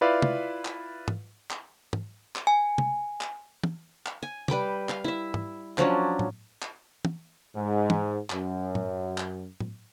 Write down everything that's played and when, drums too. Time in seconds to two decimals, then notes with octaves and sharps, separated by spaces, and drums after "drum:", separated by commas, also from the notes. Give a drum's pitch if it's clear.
0.01 E4 F4 B4 D5 E5 F5
0.22 drum: tom
0.65 drum: clap
1.08 drum: tom
1.50 drum: clap
1.93 drum: tom
2.36 drum: clap
2.47 G#5
2.78 drum: tom
3.21 drum: clap
3.64 drum: tom
4.06 drum: clap
4.22 G#5
4.48 G3 B4 G5 D6, drum: tom
4.89 F5, drum: clap
5.04 E4 E5
5.34 drum: tom
5.78 F3 F#3 C#4 D4, drum: clap
6.19 drum: tom A2
6.62 drum: clap
7.05 drum: tom
7.55 G#2
7.90 drum: tom
8.30 F#2, drum: clap
8.75 drum: tom A2
9.18 drum: clap
9.60 drum: tom A2